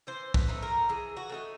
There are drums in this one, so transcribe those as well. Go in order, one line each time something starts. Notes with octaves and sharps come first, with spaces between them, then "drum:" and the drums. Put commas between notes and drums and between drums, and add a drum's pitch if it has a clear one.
E3 C5
B4, drum: kick
A3 C4 D#4
A#4
E3 G#4
F#4
A3 C4 D#4